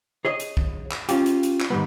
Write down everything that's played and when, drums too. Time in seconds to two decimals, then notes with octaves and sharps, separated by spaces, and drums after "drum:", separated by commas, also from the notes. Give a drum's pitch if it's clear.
0.25 G#4 C#5 D#5
0.40 drum: hi-hat
0.57 drum: kick
0.91 drum: clap
1.09 C#4 F4 G4, drum: hi-hat
1.26 drum: hi-hat
1.43 drum: hi-hat
1.60 drum: clap
1.70 G#2 D#3 G3 B3